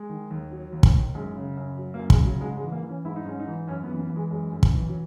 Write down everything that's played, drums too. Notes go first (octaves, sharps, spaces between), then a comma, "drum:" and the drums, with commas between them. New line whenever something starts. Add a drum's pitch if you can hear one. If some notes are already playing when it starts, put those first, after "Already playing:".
Already playing: G#3
D#3
D#2
F#3
D#2
drum: kick
D#3
F#2 G#3
C#3
F#2
F#3
A#3
F#2
G#3, drum: kick
C#3
F#3
G#2 G#3
G#3
E3
A#3
E3
C#4
G#2 E4
D#4
G#2 C#4
D#4
E3
F#2 C#4
B3
E3
B3
E3
G#3
F#2 G#3
F#2
drum: kick
E3
F#3